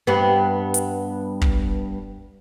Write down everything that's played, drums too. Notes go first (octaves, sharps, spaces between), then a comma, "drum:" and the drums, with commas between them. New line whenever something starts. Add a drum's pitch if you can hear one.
G2 B3
drum: hi-hat
drum: kick